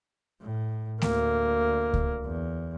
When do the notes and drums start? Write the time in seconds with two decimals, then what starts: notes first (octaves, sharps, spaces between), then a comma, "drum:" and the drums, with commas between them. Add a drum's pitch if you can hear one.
0.42 A2
1.02 D2 A#3, drum: snare A3
1.94 drum: kick C#2
2.25 E2